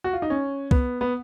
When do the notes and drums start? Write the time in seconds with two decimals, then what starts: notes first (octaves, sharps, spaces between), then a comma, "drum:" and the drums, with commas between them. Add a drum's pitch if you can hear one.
0.04 F#4
0.13 F4
0.22 D#4
0.30 C#4
0.71 B3, drum: kick
1.01 B3